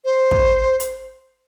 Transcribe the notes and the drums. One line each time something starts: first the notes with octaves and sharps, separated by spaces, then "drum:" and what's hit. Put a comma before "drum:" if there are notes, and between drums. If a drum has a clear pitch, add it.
C5
drum: kick
drum: hi-hat